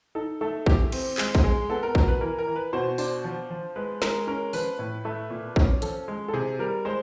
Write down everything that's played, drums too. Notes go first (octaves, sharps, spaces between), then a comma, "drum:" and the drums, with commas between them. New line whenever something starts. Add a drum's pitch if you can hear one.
D#4 A4
A3 A4
E3 G4, drum: kick
C4, drum: cymbal
G#3 G#4, drum: clap
drum: kick
G#3 G#4
B3 A4
A#4
B2 A#4, drum: kick
B4
E3 A#4
A#4
E3
B4
B2 C5
D4 C5, drum: open hi-hat
F3
F3
G#3 B4
G#3 A#4, drum: snare
C#4 A#4
F3 B4, drum: open hi-hat
A2
A3
A#2
C#4, drum: kick
F3 A4, drum: hi-hat
G#3
A4
C3 G#4
G3 A#4
G#3 C5